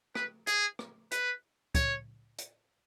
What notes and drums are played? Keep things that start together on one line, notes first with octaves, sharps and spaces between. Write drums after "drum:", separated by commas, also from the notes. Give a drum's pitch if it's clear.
B4, drum: rim click
G#4, drum: hi-hat
drum: rim click
B4, drum: hi-hat
C#5, drum: kick, hi-hat
drum: hi-hat